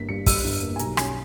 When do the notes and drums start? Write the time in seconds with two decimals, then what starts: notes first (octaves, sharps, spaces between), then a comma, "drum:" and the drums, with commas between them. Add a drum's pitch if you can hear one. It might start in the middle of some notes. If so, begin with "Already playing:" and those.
Already playing: G1 A#3 B6
0.09 G2 C#7
0.26 G3 E6, drum: kick, open hi-hat
0.44 G1
0.62 A#3
0.76 G#5
0.79 B1 A#5, drum: hi-hat
0.97 C#4 G#5, drum: rim click